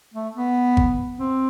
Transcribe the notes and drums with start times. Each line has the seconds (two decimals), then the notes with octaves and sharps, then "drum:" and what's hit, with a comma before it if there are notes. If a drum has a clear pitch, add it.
0.14 A3
0.35 B3
0.77 drum: kick G#1
1.19 C4